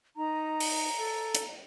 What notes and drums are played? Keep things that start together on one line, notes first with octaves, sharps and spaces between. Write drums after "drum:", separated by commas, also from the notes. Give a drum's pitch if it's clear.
D#4 A#5
drum: open hi-hat
A4
drum: hi-hat